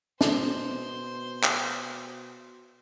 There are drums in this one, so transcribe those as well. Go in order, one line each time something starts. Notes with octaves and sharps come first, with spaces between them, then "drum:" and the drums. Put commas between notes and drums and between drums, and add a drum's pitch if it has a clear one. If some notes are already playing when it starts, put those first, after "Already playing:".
B2 C5, drum: snare
drum: clap